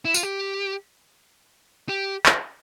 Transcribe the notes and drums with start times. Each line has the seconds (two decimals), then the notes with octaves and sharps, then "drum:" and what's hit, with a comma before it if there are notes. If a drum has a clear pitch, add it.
0.05 E4
0.14 F4, drum: tambourine
0.23 G4
1.89 G4
2.26 drum: clap